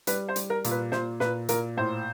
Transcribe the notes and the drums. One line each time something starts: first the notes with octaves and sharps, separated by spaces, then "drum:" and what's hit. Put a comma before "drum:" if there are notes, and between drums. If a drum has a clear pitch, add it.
G3 B4, drum: hi-hat
C5
G3, drum: hi-hat
A#4
A#2, drum: hi-hat
B4
A#2 C5, drum: snare
A#2 B4, drum: snare
A#2 A#4, drum: hi-hat
A2 C5